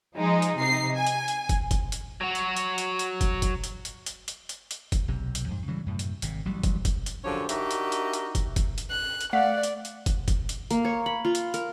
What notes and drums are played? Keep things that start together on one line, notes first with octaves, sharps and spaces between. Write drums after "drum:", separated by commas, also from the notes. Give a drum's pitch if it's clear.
F3 G#3 D#4
drum: hi-hat
C3 D#4 C7
G#5
drum: hi-hat
drum: hi-hat
drum: kick, hi-hat
drum: kick, hi-hat
drum: hi-hat
F#3 F#4
drum: hi-hat
drum: hi-hat
drum: hi-hat
drum: hi-hat
drum: kick, hi-hat
drum: kick, hi-hat
drum: hi-hat
drum: hi-hat
drum: hi-hat
drum: hi-hat
drum: hi-hat
drum: hi-hat
drum: kick, hi-hat
B1 C3
drum: hi-hat
F2 G#2
C#3 E3 F#3 G3
F#2 A2 C3
drum: hi-hat
G#1 C3, drum: hi-hat
A1 F#3 G3
drum: kick, hi-hat
drum: kick, hi-hat
drum: hi-hat
F#2 D3 F3 G4 C#5
D4 D#4 F#4 G4 A#4 E5, drum: hi-hat
drum: hi-hat
drum: hi-hat
drum: hi-hat
drum: kick, hi-hat
drum: kick, hi-hat
drum: hi-hat
F#6
drum: hi-hat
A3 D5 F5 F#5 B6
drum: hi-hat
drum: hi-hat
drum: kick, hi-hat
drum: kick, hi-hat
drum: hi-hat
A#3, drum: hi-hat
C#5
B5
F4
drum: hi-hat
A#4, drum: hi-hat